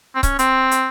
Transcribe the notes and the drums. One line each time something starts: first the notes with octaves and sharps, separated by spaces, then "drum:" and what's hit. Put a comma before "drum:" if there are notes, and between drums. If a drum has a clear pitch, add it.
C4
C#4, drum: kick C#1, hi-hat
C4, drum: hi-hat
drum: hi-hat